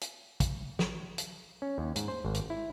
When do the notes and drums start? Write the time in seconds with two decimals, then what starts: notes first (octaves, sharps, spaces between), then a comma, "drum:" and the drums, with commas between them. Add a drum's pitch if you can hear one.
0.01 drum: hi-hat
0.40 drum: kick, hi-hat
0.79 drum: snare
1.18 drum: hi-hat
1.62 C#4
1.78 D#2
1.96 G#2, drum: hi-hat
2.08 C5
2.25 G#1
2.34 drum: hi-hat
2.50 E4